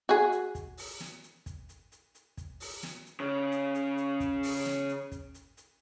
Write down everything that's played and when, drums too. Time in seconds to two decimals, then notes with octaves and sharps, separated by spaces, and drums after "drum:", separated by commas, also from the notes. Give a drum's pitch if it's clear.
0.09 F#4 G#4, drum: hi-hat
0.32 drum: hi-hat
0.55 drum: kick, hi-hat
0.78 drum: open hi-hat
1.00 drum: snare
1.23 drum: hi-hat
1.46 drum: kick, hi-hat
1.69 drum: hi-hat
1.92 drum: hi-hat
2.15 drum: hi-hat
2.37 drum: kick, hi-hat
2.60 drum: open hi-hat
2.83 drum: snare
3.06 drum: hi-hat
3.20 C#3 C#4
3.52 drum: hi-hat
3.74 drum: hi-hat
3.97 drum: hi-hat
4.20 drum: kick, hi-hat
4.43 drum: open hi-hat
4.66 drum: snare
4.89 drum: hi-hat
5.12 drum: kick, hi-hat
5.34 drum: hi-hat
5.57 drum: hi-hat